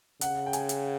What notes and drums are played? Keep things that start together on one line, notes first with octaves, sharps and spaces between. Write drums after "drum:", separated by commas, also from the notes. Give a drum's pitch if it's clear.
C#3 F#5, drum: hi-hat
G5
G#5, drum: hi-hat
drum: hi-hat